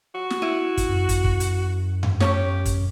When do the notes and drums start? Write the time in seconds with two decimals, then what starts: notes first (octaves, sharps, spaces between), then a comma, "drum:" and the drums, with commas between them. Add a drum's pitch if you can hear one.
0.15 F#4
0.30 drum: snare
0.42 E4
0.77 drum: kick, hi-hat
0.89 F#2
1.09 drum: kick, hi-hat
1.24 drum: kick
1.40 drum: hi-hat
2.03 drum: tom G2
2.20 C#4 D#4 G4 C#5, drum: snare
2.65 drum: kick, hi-hat